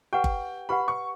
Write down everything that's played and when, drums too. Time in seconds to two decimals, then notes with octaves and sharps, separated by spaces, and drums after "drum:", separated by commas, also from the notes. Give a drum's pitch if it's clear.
0.13 G4 B4 F#5 G5
0.24 drum: kick G1
0.69 G4 B4 F#5 B5
0.88 C#6